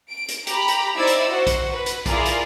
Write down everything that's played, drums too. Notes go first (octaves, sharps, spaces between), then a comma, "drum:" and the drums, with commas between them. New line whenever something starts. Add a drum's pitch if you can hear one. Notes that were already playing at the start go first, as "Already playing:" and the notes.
D7
drum: hi-hat
G4 A#5 B5, drum: hi-hat
drum: hi-hat
D#4 E4 C5 D5 E6 G#6
drum: hi-hat
F#4 C5 F#5
drum: kick B1, hi-hat
B4
drum: hi-hat
E4 F4 G#4 A#4 D5, drum: kick B1, hi-hat
drum: hi-hat